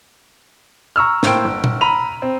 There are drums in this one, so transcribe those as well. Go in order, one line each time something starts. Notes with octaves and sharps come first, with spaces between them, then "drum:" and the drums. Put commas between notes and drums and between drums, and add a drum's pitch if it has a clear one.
A#5 C#6 E6 F6
A2 A#3 C5 G5 D7, drum: snare
G1
drum: tom A#2
A#5 B5 D#7 F7
C4